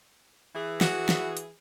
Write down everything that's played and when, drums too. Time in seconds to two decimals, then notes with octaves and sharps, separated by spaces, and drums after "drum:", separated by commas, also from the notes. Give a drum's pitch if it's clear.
0.55 E3 G#4
0.81 F#4, drum: snare
1.09 drum: snare
1.37 drum: hi-hat